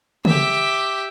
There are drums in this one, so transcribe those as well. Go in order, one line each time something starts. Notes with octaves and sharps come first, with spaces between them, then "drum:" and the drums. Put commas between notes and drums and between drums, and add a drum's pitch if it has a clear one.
G4 E5, drum: tom C#3